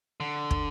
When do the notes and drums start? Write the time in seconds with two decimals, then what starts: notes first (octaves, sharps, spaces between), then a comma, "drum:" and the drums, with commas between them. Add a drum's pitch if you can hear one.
0.20 D3
0.51 drum: kick